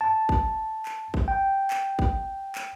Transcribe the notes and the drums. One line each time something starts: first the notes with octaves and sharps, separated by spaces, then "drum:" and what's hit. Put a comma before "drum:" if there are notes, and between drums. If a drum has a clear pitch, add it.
A5
drum: kick
drum: clap
drum: kick
G5
drum: clap
drum: kick
drum: clap